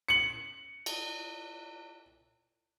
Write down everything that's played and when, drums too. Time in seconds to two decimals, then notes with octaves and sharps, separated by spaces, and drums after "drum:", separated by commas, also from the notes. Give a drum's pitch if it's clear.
0.09 C#7 F#7
0.86 drum: cymbal